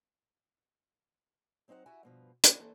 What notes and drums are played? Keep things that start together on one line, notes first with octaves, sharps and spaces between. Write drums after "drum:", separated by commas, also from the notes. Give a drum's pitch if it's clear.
F#3 C4 D#4 C5 F#5
E4 F#4 G4 E5 F#5 G#5
G2 B2 F3
E4 F4, drum: hi-hat
E3 A#3 C#4 A4 C5